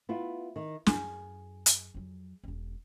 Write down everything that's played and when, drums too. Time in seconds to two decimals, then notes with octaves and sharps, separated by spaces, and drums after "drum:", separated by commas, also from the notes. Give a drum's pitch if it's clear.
0.09 B3 E4 F4
0.56 D#3
0.86 F#2 G#4, drum: snare
1.66 drum: hi-hat
1.94 F2 F#3
2.44 E1 C#4